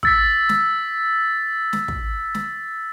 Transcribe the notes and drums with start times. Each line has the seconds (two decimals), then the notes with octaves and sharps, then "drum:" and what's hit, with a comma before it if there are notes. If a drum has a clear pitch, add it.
0.03 E6 A6 B6, drum: kick
0.49 drum: snare
1.73 drum: snare
1.88 drum: kick
2.35 drum: snare